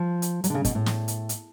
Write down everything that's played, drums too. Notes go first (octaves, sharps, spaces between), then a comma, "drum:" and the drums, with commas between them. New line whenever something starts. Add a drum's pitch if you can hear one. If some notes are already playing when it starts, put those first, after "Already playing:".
Already playing: F3
drum: hi-hat
F#3, drum: hi-hat
D3
C#3
B2, drum: kick, hi-hat
A2
drum: snare
drum: hi-hat
drum: hi-hat